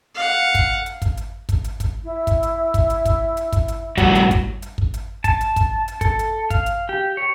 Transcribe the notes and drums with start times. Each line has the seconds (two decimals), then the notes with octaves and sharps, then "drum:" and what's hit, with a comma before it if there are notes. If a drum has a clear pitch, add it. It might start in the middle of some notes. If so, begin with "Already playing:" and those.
0.15 F5 F#5
0.55 drum: kick, hi-hat
0.86 drum: hi-hat
1.02 drum: kick, hi-hat
1.17 drum: hi-hat
1.49 drum: kick, hi-hat
1.64 drum: hi-hat
1.80 drum: kick, hi-hat
2.02 E4
2.27 drum: kick, hi-hat
2.43 drum: hi-hat
2.74 drum: kick, hi-hat
2.90 drum: hi-hat
3.05 drum: kick, hi-hat
3.37 drum: hi-hat
3.53 drum: kick, hi-hat
3.68 drum: hi-hat
3.97 A2 G3 F#4, drum: kick, hi-hat
4.15 drum: hi-hat
4.31 drum: kick, hi-hat
4.62 drum: hi-hat
4.78 drum: kick
4.94 drum: hi-hat
5.24 A5, drum: kick, hi-hat
5.41 drum: hi-hat
5.56 drum: kick, hi-hat
5.88 drum: hi-hat
6.01 A4, drum: kick, hi-hat
6.19 drum: hi-hat
6.50 F5, drum: kick, hi-hat
6.66 drum: hi-hat
6.89 G4
7.17 C#5